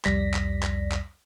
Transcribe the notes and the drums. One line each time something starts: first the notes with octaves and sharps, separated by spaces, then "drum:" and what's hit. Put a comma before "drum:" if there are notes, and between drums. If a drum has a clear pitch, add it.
C2 F2 G3 D5 A#6 B6, drum: clap
drum: clap
drum: clap
drum: clap